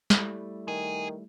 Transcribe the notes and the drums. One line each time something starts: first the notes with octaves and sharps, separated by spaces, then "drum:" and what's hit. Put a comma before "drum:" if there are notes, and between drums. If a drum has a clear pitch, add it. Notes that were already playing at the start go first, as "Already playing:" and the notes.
G3 A3 E4, drum: snare
D#3 G#4